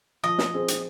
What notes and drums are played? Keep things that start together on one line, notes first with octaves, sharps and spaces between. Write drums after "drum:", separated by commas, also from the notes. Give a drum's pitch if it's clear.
F3 D#5
drum: snare
C4 G#4 C5
drum: hi-hat